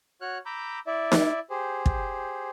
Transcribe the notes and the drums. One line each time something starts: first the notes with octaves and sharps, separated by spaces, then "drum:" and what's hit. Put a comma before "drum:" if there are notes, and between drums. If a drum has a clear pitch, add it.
F#4 C#5 F6 F#6
A#5 B5 D6 E6 G6
E4 D5 E5
drum: snare D#4
G4 G#4 C5
drum: kick